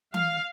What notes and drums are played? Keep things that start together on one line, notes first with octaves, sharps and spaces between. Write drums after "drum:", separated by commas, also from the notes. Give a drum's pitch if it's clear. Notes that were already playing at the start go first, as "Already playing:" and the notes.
F5, drum: tom E3